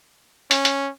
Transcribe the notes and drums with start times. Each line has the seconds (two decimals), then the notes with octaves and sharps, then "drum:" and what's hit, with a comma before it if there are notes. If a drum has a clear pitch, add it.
0.51 C#4, drum: hi-hat
0.65 drum: hi-hat